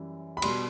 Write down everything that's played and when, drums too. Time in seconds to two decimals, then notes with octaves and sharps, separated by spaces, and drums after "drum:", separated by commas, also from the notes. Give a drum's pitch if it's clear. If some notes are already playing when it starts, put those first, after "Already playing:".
Already playing: F#2 E3 G3
0.37 B5
0.42 B2 G3 C6, drum: cymbal